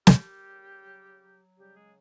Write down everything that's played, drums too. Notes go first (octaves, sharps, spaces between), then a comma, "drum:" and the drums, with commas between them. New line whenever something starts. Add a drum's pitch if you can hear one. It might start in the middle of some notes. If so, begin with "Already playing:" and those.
D#2 G3 G4, drum: snare
C#3
F#3
F#3
C#3 G3 G4
G#3 G#4